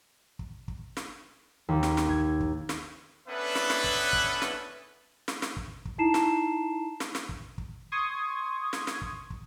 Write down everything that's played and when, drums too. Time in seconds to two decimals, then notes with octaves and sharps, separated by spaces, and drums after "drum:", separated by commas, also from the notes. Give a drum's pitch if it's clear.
0.39 drum: kick
0.68 drum: kick
0.97 drum: snare
1.69 D#2
1.83 drum: snare
1.97 drum: snare
2.09 G#6, drum: kick
2.40 drum: kick
2.69 drum: snare
3.27 B3 C#4 D4 A4 B4 E5
3.55 drum: snare
3.70 drum: snare
3.84 drum: kick
4.13 drum: kick
4.42 drum: snare
5.28 drum: snare
5.42 drum: snare
5.57 drum: kick
5.85 drum: kick
5.98 D#4 E4 A5 A#5 C7 E7
6.14 drum: snare
7.00 drum: snare
7.15 drum: snare
7.29 drum: kick
7.58 drum: kick
7.92 C6 C#6 D#6 G#6
8.73 drum: snare
8.87 drum: snare
9.02 drum: kick
9.30 drum: kick